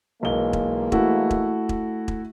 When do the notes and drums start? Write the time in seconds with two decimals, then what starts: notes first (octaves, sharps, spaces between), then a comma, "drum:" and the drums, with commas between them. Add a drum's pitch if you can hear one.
0.23 B1 E3 G#3 A#3 G7
0.53 drum: kick E1
0.92 A3 E4 F#4, drum: kick E1
1.31 drum: kick E1
1.69 drum: kick E1
2.08 drum: kick E1